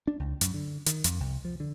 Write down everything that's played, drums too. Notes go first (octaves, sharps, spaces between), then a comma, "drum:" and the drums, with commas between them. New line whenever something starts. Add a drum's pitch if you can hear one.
D4
C#2
F#2, drum: hi-hat
D3
D#3, drum: hi-hat
F2, drum: hi-hat
C2
F3
D3